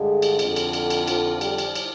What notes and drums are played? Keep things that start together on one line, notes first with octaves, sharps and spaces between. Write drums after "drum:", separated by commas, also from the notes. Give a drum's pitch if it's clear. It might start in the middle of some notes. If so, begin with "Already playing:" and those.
Already playing: G2 D3 G#3
drum: cymbal
F2 D3, drum: cymbal
drum: cymbal
drum: cymbal
drum: cymbal
F3, drum: cymbal
G3, drum: cymbal
drum: cymbal
drum: cymbal